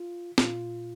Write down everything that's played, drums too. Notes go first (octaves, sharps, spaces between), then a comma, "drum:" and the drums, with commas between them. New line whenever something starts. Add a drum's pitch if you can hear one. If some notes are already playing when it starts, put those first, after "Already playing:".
Already playing: F4
A#2 F4, drum: snare